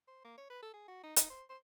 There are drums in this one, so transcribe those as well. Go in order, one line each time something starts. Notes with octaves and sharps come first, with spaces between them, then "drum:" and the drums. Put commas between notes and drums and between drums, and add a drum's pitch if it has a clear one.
C5
A#3
C#5
B4
A4
G#4
F#4
D#4
D#4, drum: hi-hat
C5
C5